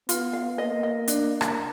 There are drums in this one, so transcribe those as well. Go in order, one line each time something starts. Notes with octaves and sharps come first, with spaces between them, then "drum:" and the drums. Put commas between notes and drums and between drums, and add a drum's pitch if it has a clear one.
B3 F4, drum: hi-hat
F5
A#3 D#5
D#5
D4, drum: hi-hat
drum: rim click